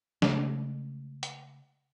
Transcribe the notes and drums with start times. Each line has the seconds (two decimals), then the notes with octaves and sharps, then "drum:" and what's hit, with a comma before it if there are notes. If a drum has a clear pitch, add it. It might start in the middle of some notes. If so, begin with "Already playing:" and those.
0.22 C#3 G#3 A3, drum: snare
1.23 drum: hi-hat